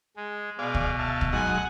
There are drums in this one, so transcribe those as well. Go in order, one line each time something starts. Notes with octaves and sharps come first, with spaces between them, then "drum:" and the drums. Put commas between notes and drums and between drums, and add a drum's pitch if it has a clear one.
G#3
B2 G#4 D5 F5
drum: kick
E5 F5 A5
drum: kick
F#3 G#3 D#4 F#5 G#5